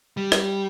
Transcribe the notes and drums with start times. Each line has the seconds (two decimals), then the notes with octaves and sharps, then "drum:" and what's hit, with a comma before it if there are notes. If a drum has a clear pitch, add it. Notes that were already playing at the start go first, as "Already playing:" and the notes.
0.17 G3
0.32 drum: rim click